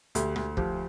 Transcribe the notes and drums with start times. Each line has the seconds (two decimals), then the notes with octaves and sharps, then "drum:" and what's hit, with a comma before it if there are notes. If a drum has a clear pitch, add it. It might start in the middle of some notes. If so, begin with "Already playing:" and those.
0.15 D2 G4, drum: hi-hat
0.36 D2, drum: rim click
0.57 F3 G4, drum: kick